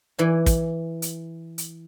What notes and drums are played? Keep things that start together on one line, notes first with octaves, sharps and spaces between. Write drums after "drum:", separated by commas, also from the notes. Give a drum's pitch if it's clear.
E3 D5 G#5
drum: kick, hi-hat
drum: hi-hat
drum: hi-hat